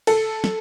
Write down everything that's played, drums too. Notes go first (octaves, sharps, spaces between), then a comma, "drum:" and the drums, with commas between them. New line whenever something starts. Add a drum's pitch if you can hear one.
A4, drum: cymbal
drum: snare